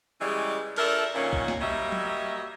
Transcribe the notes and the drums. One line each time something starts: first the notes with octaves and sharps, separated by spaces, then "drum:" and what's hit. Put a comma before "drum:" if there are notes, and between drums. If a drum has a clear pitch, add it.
C#3 E3 G3 G#3
F3 D4 A4 A#4 D5 E5, drum: cymbal
F#2 A#2 D#3 A#3 C#4
drum: kick B1
drum: snare
F#3 G3 A#3 D#5 E5
drum: tom